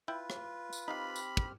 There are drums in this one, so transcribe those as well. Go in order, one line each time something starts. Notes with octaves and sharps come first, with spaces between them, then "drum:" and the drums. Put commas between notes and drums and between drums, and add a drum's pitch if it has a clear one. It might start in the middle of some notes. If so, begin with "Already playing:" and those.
E4 F4 B4 G5
drum: rim click
drum: tambourine
C4 D#4 G4 F5 B5 F6
drum: tambourine
drum: kick